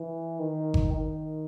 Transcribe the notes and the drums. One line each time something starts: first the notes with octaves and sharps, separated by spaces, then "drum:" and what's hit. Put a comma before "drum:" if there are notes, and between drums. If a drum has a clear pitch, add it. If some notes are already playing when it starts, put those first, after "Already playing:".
Already playing: E3
D#3
drum: kick G1
D#3